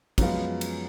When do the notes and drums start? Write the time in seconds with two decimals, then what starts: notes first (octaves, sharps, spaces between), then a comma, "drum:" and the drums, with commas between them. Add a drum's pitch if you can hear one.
0.18 F#2 F3 G#3 B3 F4, drum: kick, cymbal
0.61 drum: cymbal